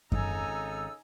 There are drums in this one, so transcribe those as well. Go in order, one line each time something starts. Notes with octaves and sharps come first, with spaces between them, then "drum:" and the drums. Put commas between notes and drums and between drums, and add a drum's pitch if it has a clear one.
G#1 C#3 D#4 A4 G#5 A#5 E6, drum: kick F#2